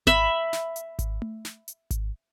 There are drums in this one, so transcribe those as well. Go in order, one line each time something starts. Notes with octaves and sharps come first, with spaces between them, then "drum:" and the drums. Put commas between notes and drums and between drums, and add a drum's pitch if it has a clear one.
E5 B5, drum: kick G#1, hi-hat
drum: snare
drum: hi-hat
drum: kick G#1, hi-hat
drum: tom A3
drum: snare
drum: hi-hat
drum: kick G#1, hi-hat